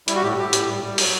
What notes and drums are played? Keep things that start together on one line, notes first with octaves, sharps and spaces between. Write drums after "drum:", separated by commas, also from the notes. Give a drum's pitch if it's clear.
G3 E4, drum: hi-hat
F#4
A2 G4
A2 G4
A2, drum: hi-hat
G3
G3
F#3, drum: open hi-hat